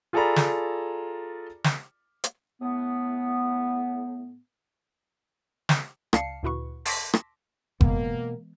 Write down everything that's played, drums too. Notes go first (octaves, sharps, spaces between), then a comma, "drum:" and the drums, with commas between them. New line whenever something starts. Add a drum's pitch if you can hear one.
F4 G#4 A4 D5 A#5 B5
drum: snare
drum: snare
drum: hi-hat
A2 B3
drum: snare
C#2 D5 F5 A5 C7 C#7, drum: rim click
D2 A#2 E4 F#4 B4 C#6
A5 C6 D6 E6 A#6 B6, drum: open hi-hat
drum: rim click
B2 E3 G#3 A#3 B3, drum: kick F#1